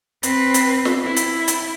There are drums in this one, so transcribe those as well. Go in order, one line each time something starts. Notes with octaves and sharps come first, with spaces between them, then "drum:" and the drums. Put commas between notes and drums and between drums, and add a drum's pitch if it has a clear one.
C4 B4, drum: hi-hat
drum: hi-hat
drum: snare
E4
drum: hi-hat
drum: hi-hat